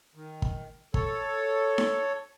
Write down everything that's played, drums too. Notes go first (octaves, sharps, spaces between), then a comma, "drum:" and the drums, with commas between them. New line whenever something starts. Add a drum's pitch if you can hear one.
D#3
drum: kick
A4 C#5, drum: kick
drum: snare D#4